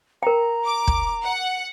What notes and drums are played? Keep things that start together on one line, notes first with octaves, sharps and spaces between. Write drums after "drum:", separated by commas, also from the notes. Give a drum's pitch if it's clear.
A#4 G5 A#5
D6
drum: kick
F#5